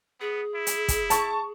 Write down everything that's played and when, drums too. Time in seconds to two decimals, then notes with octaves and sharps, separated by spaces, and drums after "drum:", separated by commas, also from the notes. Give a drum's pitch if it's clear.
0.20 B3 G#4
0.55 E4
0.67 drum: hi-hat
0.88 drum: kick, hi-hat
1.10 A5 C#6, drum: hi-hat